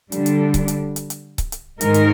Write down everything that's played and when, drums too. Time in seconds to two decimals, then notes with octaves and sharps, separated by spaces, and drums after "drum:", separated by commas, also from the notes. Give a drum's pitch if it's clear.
0.12 D3 G3 D4, drum: hi-hat
0.26 drum: hi-hat
0.54 drum: kick C#1, hi-hat
0.68 drum: hi-hat
0.96 drum: hi-hat
1.10 drum: hi-hat
1.38 drum: kick C#1, hi-hat
1.52 drum: hi-hat
1.81 G#2 D#3 G#3 D#4 A#4, drum: hi-hat
1.94 drum: hi-hat